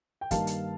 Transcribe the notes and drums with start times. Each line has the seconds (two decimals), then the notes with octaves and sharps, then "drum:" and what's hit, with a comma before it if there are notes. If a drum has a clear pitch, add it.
0.21 G5
0.31 G2 D#3 G3 A#3 F5 A5, drum: kick, hi-hat
0.47 drum: hi-hat